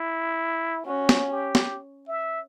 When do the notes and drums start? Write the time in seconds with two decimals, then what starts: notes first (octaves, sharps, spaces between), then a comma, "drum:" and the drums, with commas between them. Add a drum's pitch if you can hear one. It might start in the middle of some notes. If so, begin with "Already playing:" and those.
Already playing: E4
0.86 C#4 F#4
1.09 drum: snare
1.31 G4
1.55 drum: snare
2.08 E5